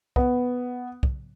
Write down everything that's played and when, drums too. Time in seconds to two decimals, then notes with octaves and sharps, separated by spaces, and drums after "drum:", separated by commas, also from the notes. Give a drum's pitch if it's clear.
0.16 B3, drum: kick
1.03 drum: kick